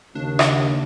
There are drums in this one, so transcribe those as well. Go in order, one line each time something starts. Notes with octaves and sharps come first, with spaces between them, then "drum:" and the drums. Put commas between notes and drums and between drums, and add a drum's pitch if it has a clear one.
D#2 C#3 D4
drum: rim click